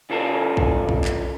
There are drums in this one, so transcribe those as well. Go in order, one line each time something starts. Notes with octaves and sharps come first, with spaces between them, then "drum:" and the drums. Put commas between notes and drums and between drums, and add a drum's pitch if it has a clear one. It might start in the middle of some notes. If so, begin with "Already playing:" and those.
C#3 F4 A4 A#4
drum: kick
drum: kick
drum: clap